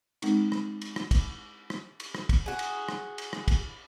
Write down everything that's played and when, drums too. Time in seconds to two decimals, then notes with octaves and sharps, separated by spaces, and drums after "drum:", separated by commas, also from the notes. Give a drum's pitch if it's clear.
0.22 G#3 C4 D#4, drum: cymbal
0.52 drum: rim click
0.81 drum: cymbal
0.96 drum: rim click
1.11 drum: kick, cymbal
1.70 drum: rim click
2.00 drum: cymbal
2.15 drum: rim click
2.29 drum: kick, cymbal
2.46 F#4 G#4
2.59 drum: cymbal
2.88 drum: rim click
3.18 drum: cymbal
3.33 drum: rim click
3.48 drum: kick, cymbal